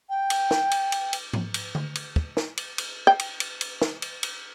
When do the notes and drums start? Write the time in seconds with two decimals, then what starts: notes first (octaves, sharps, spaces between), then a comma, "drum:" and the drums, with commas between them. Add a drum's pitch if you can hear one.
0.09 G5
0.30 drum: cymbal
0.51 drum: snare
0.71 drum: cymbal
0.92 drum: cymbal
1.13 drum: cymbal
1.33 drum: tom G#2
1.54 drum: cymbal
1.75 drum: tom D3
1.95 drum: cymbal
2.16 drum: kick
2.37 drum: snare
2.57 drum: cymbal
2.78 drum: cymbal
3.07 G5
3.19 drum: cymbal
3.40 drum: cymbal
3.61 drum: cymbal
3.81 drum: snare
4.02 drum: cymbal
4.23 drum: cymbal